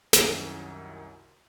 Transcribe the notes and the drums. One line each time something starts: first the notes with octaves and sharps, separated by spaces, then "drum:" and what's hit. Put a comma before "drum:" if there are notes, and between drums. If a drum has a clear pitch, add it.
C2 F#2 D#3 C#4 E4 D#7, drum: snare